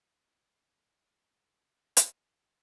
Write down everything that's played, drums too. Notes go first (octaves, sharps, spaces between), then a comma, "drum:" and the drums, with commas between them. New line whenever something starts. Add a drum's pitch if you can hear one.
G4
G#3 C4
drum: hi-hat